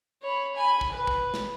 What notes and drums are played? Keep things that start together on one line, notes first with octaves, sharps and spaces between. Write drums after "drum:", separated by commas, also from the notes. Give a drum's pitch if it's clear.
C#5 B5
G#5 B5
drum: kick
B4
drum: kick
drum: snare